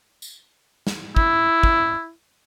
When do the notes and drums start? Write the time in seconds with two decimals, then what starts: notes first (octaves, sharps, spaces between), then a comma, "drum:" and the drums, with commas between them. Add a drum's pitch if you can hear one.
0.22 drum: tambourine
0.87 drum: snare
1.16 E4, drum: kick
1.63 drum: kick